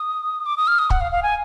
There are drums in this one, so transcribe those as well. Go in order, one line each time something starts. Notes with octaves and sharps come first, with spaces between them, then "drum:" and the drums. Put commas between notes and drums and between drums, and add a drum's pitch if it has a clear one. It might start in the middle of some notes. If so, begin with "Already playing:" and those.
Already playing: D#6
D6
D#6
F6
D#6
F#5, drum: kick
F5
F5
G#5